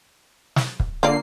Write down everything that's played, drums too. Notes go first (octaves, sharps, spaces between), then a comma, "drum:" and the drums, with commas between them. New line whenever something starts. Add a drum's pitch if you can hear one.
drum: snare
drum: kick
D3 A#3 F4 D5 C7